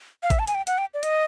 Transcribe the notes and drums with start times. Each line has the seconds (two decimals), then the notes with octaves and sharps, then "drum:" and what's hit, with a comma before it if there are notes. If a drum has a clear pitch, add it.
0.23 F5
0.30 E5, drum: kick G#1, hi-hat
0.39 A5
0.47 G#5, drum: hi-hat
0.55 G5
0.67 F#5, drum: hi-hat
0.78 G5
0.94 D5
1.03 D#5, drum: hi-hat